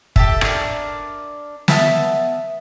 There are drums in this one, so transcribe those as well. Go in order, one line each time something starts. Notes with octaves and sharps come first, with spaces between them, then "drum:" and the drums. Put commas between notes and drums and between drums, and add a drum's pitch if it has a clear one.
G4 A4 E5, drum: kick
D4 A#4, drum: rim click
B3 E5 A5 D#6, drum: snare